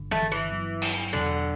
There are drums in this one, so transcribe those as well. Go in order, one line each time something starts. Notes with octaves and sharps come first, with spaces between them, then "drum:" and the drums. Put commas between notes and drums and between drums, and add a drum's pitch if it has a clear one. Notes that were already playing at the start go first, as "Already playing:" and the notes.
Already playing: G1 G2 D3
A3, drum: tom
E3
G2 F#3 B3 E4
drum: cymbal
E2 B2 D3 F#3